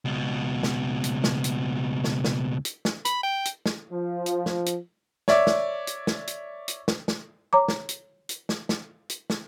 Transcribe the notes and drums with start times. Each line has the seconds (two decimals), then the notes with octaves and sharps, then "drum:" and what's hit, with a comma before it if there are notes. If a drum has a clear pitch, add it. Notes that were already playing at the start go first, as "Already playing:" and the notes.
0.05 C#2 B2
0.63 drum: snare
1.04 drum: hi-hat
1.24 drum: snare
1.44 drum: hi-hat
2.04 drum: snare
2.25 drum: snare
2.65 drum: hi-hat
2.85 drum: snare
3.05 B5, drum: hi-hat
3.23 G5
3.45 drum: hi-hat
3.66 drum: snare
3.91 F3
4.26 drum: hi-hat
4.46 drum: snare
4.66 drum: hi-hat
5.28 C#5 D5 E5 D6, drum: snare
5.47 drum: snare
5.87 drum: hi-hat
6.07 drum: snare
6.27 drum: hi-hat
6.68 drum: hi-hat
6.88 drum: snare
7.08 drum: snare
7.53 C#5 A#5 D6
7.69 drum: snare
7.89 drum: hi-hat
8.29 drum: hi-hat
8.49 drum: snare
8.69 drum: snare
9.10 drum: hi-hat
9.30 drum: snare